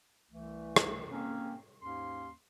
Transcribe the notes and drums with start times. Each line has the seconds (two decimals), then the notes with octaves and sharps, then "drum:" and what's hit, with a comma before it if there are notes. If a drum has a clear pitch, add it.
0.31 C2 E3 A3
0.76 drum: rim click
1.11 A#3 C4 C#4
1.82 D#2 G#2 A#3 C#4 C6